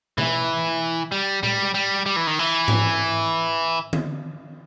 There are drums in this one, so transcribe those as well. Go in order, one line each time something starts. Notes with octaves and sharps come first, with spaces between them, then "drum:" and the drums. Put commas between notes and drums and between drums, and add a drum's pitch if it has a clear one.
E3, drum: tom B2
G3
G3, drum: tom A#2
G3
G3
E3
D#3
E3
drum: tom G#2
drum: tom D3